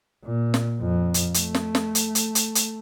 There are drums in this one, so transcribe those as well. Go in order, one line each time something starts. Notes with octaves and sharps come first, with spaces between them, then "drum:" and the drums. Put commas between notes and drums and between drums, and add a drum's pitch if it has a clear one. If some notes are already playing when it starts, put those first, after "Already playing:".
A#2
drum: snare
F2
drum: hi-hat
A3, drum: hi-hat
drum: snare
drum: snare
drum: hi-hat
drum: hi-hat
drum: hi-hat
drum: hi-hat